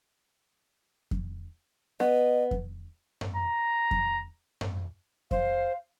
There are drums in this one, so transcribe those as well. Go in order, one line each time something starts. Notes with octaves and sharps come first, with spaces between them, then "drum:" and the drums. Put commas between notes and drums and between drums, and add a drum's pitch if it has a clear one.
drum: kick F2
B3 D#5
drum: kick F2
drum: tom F#2
A#5
drum: kick F2
drum: tom F#2
C5 F5, drum: kick F2